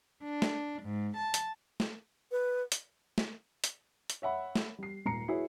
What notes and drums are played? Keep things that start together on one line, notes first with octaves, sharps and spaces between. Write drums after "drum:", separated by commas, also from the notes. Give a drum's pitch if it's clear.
D4
drum: snare
G#2
A5
drum: hi-hat
drum: snare
B4
drum: hi-hat
drum: snare
drum: hi-hat
drum: hi-hat
C#5 E5 F#5 B5
drum: snare
G3 C7
D#1 G#2 A#5 C7 C#7
E4 F#4 G#4 B4 C#5